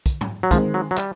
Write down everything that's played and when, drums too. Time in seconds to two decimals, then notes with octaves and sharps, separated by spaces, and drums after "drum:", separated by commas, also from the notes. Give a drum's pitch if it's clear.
0.06 drum: kick, hi-hat
0.21 drum: tom G#2
0.43 F#3
0.51 D#3 F3 G#3 C4, drum: kick, hi-hat
0.74 F#3
0.91 F#3
0.97 G3, drum: clap